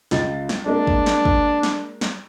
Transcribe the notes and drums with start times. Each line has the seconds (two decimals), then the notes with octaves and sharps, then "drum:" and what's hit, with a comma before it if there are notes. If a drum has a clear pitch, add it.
0.11 C#2 F4 A6, drum: snare
0.49 drum: snare
0.66 G#3 A#3 D4
0.87 drum: kick
1.06 drum: snare
1.25 drum: kick
1.63 drum: snare
2.01 drum: snare